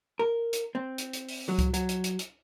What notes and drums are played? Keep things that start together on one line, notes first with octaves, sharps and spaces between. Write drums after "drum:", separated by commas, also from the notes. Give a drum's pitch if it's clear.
A#4
drum: hi-hat
C4
drum: hi-hat
drum: hi-hat
drum: open hi-hat
F#3
drum: kick C#2, hi-hat
F#3, drum: hi-hat
drum: hi-hat
drum: hi-hat
drum: hi-hat